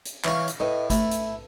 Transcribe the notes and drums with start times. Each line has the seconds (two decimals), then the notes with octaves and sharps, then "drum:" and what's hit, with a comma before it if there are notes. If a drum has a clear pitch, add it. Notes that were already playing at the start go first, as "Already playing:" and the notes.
0.05 drum: hi-hat
0.24 E3 C#4 F5, drum: clap
0.48 drum: hi-hat
0.60 A2 B4 D#5
0.90 A3 E4, drum: kick, hi-hat
1.11 drum: hi-hat